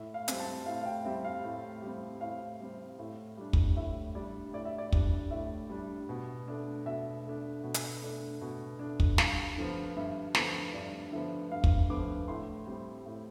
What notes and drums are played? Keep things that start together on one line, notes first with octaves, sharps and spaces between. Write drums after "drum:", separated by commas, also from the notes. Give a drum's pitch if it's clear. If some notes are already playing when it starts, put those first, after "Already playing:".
Already playing: A2 E5
F5
G3 C4, drum: hi-hat
A5
A2 F5
F5
G5
G3 C4 E5
F5
A2
G3 C4
A2 F5
G3 C4
A2
G3 D4
drum: kick
A2 E5
G3 D4 D5
A2 D5
E5
D5
G3 D4, drum: kick
A2 E5
G3 D4
B2
A3 D4
B2 E5
A3 D4
B2
drum: hi-hat
A3 D4
B2
A3 D4
drum: kick
G2 F5, drum: snare
D3 F3 B3
G2 E5
D3 F3 B3, drum: snare
G2 D5
D3 F3 B3 E5
G2 F5
drum: kick
D3 F3 B3 D6
A2 C6
G3 C4
A2